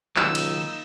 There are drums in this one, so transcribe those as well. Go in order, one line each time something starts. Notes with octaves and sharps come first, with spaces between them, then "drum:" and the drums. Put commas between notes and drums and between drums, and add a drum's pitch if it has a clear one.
C#2 D#3 F#3 A#3 D#4 E6, drum: clap
drum: cymbal